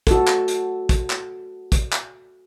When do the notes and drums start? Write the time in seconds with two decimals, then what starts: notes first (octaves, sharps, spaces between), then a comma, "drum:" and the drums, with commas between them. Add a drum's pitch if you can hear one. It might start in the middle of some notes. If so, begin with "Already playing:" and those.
0.07 F#4 A4, drum: kick, hi-hat
0.27 drum: clap
0.48 drum: hi-hat
0.89 drum: kick, hi-hat
1.10 drum: clap
1.72 drum: kick, hi-hat
1.92 drum: clap